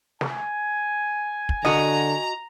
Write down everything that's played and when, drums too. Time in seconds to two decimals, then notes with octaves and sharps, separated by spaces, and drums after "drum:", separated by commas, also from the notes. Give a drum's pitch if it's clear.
0.21 G#5, drum: snare
1.49 drum: kick
1.65 D3 F#4 D#5 A#5, drum: snare